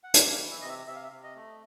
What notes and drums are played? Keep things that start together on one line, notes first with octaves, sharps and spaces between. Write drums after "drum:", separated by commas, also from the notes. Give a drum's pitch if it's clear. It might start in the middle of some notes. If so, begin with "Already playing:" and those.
F#5
C3 F5, drum: hi-hat
F5
E3
E5
C3 D#5
E5
C3 E5
F5
E5
C3
D#5
A3